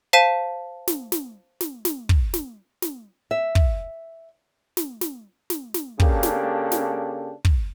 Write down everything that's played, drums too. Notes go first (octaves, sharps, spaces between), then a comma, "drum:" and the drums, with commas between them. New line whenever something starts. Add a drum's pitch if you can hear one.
C5 F5 A5 B6 D#7
drum: snare
drum: snare
drum: snare
drum: snare
drum: kick
drum: snare
drum: snare
E5
drum: kick
drum: snare
drum: snare
drum: snare
drum: snare
C#3 A#3 D4 G4 A4, drum: kick
drum: snare
drum: snare
drum: kick